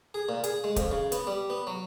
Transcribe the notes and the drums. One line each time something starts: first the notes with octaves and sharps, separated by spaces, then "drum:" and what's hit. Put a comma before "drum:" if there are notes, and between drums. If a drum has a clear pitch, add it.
G#4
A#2
G#4, drum: hi-hat
G#3
F2, drum: kick, hi-hat
C#3
B3, drum: hi-hat
G3
B3
F#3